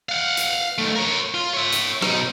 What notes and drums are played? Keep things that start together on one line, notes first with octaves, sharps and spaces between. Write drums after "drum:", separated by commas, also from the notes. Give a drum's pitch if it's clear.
F5 F#5
drum: hi-hat
D#3 A3
A#4 C#5
F4
C#5 E5
drum: hi-hat
B2 D#4, drum: rim click